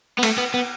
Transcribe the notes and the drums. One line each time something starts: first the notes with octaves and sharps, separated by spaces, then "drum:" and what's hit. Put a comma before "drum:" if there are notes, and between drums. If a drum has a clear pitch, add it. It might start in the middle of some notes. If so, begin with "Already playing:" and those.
B3
A3, drum: cymbal
B3
B3